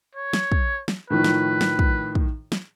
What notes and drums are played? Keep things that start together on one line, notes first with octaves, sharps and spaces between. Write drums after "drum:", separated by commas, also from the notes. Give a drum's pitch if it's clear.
C#5
drum: snare
drum: kick
drum: snare
A2 D#3 F3 B4
drum: snare
drum: snare
drum: kick
drum: kick
drum: snare